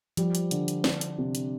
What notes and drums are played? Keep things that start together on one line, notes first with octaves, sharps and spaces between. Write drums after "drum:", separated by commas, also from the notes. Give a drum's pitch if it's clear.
F3 G3, drum: hi-hat
drum: hi-hat
D3, drum: hi-hat
drum: hi-hat
D4, drum: snare
drum: hi-hat
C3
drum: hi-hat